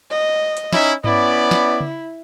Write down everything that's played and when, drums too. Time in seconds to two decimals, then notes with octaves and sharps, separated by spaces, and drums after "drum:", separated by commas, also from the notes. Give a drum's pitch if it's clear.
0.11 D#5
0.57 drum: hi-hat
0.72 C#4 D#4 E4, drum: snare
1.04 B3 C#4 E4 D5, drum: tom G2
1.51 drum: snare
1.80 drum: tom C#3